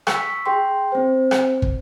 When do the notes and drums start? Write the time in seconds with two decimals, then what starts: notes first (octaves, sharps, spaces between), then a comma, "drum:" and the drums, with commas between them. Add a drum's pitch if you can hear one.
0.07 C#6 E6 B6, drum: rim click
0.46 G#4 G5 C6
0.92 C4 C5
1.31 drum: rim click
1.62 drum: kick